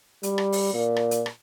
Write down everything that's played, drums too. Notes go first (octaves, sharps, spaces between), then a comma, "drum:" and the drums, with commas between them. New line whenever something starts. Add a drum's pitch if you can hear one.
G3, drum: hi-hat
drum: rim click
drum: open hi-hat
A#2
drum: rim click
drum: hi-hat
drum: rim click